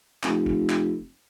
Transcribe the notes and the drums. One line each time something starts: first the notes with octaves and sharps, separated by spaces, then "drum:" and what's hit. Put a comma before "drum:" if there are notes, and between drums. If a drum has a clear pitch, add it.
F1, drum: clap
drum: kick
drum: clap